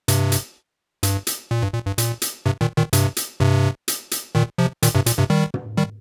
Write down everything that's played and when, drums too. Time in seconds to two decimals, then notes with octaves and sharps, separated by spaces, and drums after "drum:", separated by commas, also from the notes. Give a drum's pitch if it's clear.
0.08 G2 C3, drum: hi-hat
0.32 drum: hi-hat
1.03 G2, drum: hi-hat
1.27 drum: hi-hat
1.51 A#2
1.62 G2
1.74 A#2
1.86 G2
1.98 A#2, drum: hi-hat
2.22 drum: hi-hat
2.46 G2 C3
2.61 A#2 D#3
2.77 A#2 D#3
2.93 G2 C3, drum: hi-hat
3.16 drum: hi-hat
3.40 G2 C3
3.88 drum: hi-hat
4.11 drum: hi-hat
4.35 A#2 D#3
4.58 C3 F3
4.83 A#2 D#3, drum: hi-hat
4.95 G2 C3
5.06 A#2, drum: hi-hat
5.18 G2 C3
5.30 D#3 G3
5.54 drum: tom
5.77 D#3 G3